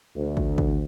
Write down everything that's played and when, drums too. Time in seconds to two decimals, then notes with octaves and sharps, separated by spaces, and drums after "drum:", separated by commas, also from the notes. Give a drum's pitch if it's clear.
0.16 D2
0.37 drum: kick
0.58 drum: kick